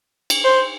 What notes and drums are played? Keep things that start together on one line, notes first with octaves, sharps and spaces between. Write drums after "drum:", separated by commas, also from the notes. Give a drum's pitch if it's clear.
drum: cymbal
C5